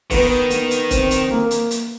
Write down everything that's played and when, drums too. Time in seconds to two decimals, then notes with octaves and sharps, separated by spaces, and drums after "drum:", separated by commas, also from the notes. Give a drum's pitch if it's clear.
0.10 D#3 B3, drum: kick C#1, open hi-hat
0.50 B3, drum: hi-hat
0.71 drum: hi-hat
0.90 C4, drum: kick C#1, hi-hat
1.11 drum: hi-hat
1.31 A#3
1.51 drum: hi-hat
1.71 drum: hi-hat